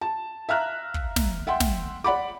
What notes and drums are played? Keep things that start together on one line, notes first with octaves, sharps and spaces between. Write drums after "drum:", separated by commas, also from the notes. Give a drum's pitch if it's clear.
A5
E5 F5 A#5 F6 F#6
drum: kick
drum: snare
E5 F#5 G5 C6
drum: snare
D5 F#5 B5 D6